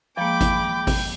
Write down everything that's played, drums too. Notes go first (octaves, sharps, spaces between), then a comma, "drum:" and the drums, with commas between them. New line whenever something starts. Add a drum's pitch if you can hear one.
F3 G#3 A#3 G5 B5 D6
drum: kick G#1, hi-hat
drum: kick G#1, open hi-hat